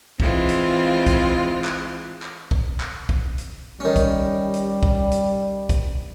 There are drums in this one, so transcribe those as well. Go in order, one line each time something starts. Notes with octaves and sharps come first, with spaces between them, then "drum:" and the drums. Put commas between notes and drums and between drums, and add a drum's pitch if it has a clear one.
E3 G#3 C4 F4, drum: kick
drum: hi-hat
drum: kick, hi-hat
drum: clap
drum: clap
drum: kick
drum: clap
drum: kick
drum: hi-hat
D#3 G3 C#4
drum: kick, hi-hat
drum: hi-hat
drum: kick
drum: hi-hat
drum: kick, hi-hat